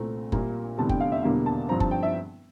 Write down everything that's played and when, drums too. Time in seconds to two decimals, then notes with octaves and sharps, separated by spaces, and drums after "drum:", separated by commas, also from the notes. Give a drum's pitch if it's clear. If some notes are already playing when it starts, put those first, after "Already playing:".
Already playing: C2 A#2 A3 C4 A#5
0.32 A#1 A#2 G3 A#3, drum: kick F#1
0.78 F1 E2 D3 G3 A5
0.89 G5, drum: kick F#1
1.00 F5
1.12 E5
1.23 E1 E2 D3 G3 A#3 F5
1.46 A5
1.69 G2 F3 C4 A#5
1.80 A5, drum: kick F#1
1.91 G5
2.03 E5